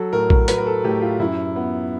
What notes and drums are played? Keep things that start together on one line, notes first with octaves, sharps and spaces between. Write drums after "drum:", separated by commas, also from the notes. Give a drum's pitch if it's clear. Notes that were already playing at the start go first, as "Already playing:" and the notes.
Already playing: F#3 A4
A2 A#4
drum: kick A#1
F#3 B4, drum: hi-hat
A#4
A4
A2 G4
F4
F#2 E4
B3